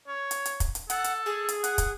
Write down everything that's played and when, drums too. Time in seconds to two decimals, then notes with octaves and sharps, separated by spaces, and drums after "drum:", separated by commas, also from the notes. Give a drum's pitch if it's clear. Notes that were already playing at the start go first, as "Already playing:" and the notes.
0.08 C#5
0.31 drum: hi-hat
0.46 drum: hi-hat
0.60 drum: kick, hi-hat
0.75 drum: hi-hat
0.90 A4 F#5, drum: hi-hat
1.04 drum: hi-hat
1.26 G#4
1.49 drum: hi-hat
1.64 F#5, drum: hi-hat
1.78 drum: kick, hi-hat